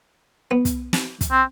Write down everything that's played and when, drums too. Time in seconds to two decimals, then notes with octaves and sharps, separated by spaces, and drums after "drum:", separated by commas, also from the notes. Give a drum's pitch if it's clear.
0.51 B3
0.65 drum: kick, hi-hat
0.93 drum: snare
1.21 drum: kick, hi-hat
1.31 C4